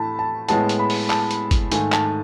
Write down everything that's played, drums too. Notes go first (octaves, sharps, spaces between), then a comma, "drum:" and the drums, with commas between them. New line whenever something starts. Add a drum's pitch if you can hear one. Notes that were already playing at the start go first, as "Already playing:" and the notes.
Already playing: A2 E3 A3 A5 B5
A5
A2 G#3 B3 A5, drum: hi-hat
drum: hi-hat
B5
drum: open hi-hat
A5, drum: clap
drum: hi-hat
drum: kick, hi-hat
G#2 D#3 A3 G#5, drum: hi-hat
A5, drum: clap